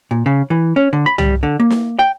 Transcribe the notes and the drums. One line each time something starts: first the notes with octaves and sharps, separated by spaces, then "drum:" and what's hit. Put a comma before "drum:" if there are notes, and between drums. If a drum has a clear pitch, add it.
A#2
C#3
E3
C#4
D3
B5
G3, drum: tom
D3
A#3
drum: snare
G5